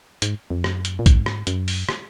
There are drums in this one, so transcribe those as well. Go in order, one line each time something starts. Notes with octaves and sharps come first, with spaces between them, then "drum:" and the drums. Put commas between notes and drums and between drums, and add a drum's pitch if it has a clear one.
G#2, drum: hi-hat
F2
F#2, drum: rim click
drum: hi-hat
A#2
G#2, drum: kick, hi-hat
drum: rim click
F#2, drum: hi-hat
drum: open hi-hat
drum: rim click